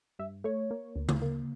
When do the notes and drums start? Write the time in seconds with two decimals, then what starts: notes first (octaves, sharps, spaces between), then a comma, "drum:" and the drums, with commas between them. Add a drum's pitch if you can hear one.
0.19 G2 E5
0.44 A3 C#5
0.71 A#3
0.96 D2
1.09 drum: tom C#3
1.22 A#3